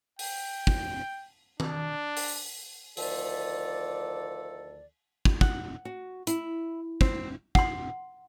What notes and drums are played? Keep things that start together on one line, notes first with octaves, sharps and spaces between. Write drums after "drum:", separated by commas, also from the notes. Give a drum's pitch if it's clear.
G5, drum: open hi-hat
drum: kick
D4, drum: tom D#3
drum: open hi-hat
D2 D#3 F3 A4 D5, drum: open hi-hat
drum: kick
F#5, drum: kick
F#4
E4, drum: hi-hat
C4, drum: kick
F#5 C6, drum: kick